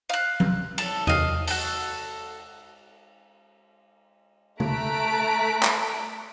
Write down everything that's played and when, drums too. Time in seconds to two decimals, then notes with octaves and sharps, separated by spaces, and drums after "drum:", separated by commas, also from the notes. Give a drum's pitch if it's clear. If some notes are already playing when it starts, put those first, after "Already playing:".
0.10 F5 F#6
0.40 drum: tom F#3
0.78 A4 A5, drum: cymbal
1.07 D#5 F5, drum: tom E2
1.47 F#4 A4, drum: open hi-hat
4.60 A3 A5 A#5 F#6 B6 D7, drum: tom
5.63 drum: clap